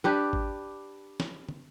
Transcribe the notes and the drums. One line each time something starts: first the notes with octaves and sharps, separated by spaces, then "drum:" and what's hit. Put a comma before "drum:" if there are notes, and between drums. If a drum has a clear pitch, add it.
D4 G4 B4
drum: kick G#1
drum: snare
drum: tom